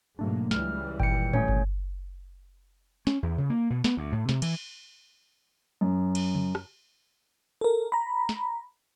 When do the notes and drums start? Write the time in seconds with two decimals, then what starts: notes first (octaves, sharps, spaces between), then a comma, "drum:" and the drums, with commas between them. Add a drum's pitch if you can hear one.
0.19 G#2 B2 F#3 A3 A#3 D4
0.51 C#2 E3 G3 F6, drum: snare
1.00 A#2 D#3 G5 C#7, drum: kick G1
1.33 A3 C#4 C#5, drum: tom G#2
1.48 drum: kick G1
3.07 C#4, drum: snare
3.23 E2
3.38 C#3
3.50 A#3
3.70 B2
3.84 B3, drum: snare
3.97 D2
4.12 A2
4.29 C3, drum: snare
4.42 E3, drum: cymbal
5.81 F#2
6.15 drum: cymbal
6.35 drum: tom C#3
6.55 drum: rim click
7.61 A4 A#4
7.92 A#5 B5
8.29 drum: snare